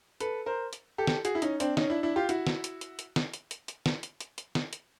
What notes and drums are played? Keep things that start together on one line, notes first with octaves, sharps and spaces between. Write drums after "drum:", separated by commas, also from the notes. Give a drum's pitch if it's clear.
A4 B4, drum: hi-hat
A#4 C5
drum: hi-hat
G4 A4
drum: snare
F#4 G#4, drum: hi-hat
E4
C#4 D#4, drum: hi-hat
C4 D4, drum: hi-hat
C#4 D#4, drum: snare
D4 E4
D4 E4
F4 G4
E4 F#4, drum: hi-hat
drum: snare
drum: hi-hat
drum: hi-hat
drum: hi-hat
drum: snare
drum: hi-hat
drum: hi-hat
drum: hi-hat
drum: snare
drum: hi-hat
drum: hi-hat
drum: hi-hat
drum: snare
drum: hi-hat